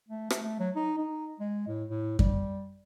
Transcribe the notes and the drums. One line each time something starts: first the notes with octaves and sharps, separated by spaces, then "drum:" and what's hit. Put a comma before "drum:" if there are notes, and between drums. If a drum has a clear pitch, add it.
A3
A3, drum: rim click
A3
F#3
D#4
D#4
G#3
A2
A2
G3, drum: kick F#2